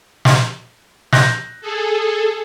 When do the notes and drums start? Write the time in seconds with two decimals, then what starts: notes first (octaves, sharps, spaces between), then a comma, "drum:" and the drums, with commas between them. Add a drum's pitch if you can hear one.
0.25 drum: snare
1.13 F#6 G6 A#6, drum: snare
1.61 G#4 A4